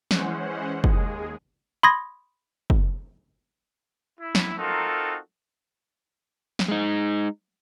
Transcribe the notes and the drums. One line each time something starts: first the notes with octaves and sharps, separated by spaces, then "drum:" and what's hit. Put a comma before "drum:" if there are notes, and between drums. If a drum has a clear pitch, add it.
E3 G#3 C#4 C5 F#5, drum: snare
D#2 G#3 G#4, drum: kick
B5 C6 D#6 G#6 A#6
drum: kick
E4
drum: snare
C4 D#4 F4 F#4 A4 A#4
drum: snare
G#3 D#4